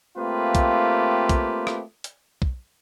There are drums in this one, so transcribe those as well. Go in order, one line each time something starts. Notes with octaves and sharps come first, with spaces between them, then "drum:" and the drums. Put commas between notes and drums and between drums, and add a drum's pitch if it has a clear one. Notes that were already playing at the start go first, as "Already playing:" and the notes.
A3 A#3 C4 F4 G4 B4
drum: kick, hi-hat
drum: kick, hi-hat
drum: rim click
drum: hi-hat
drum: kick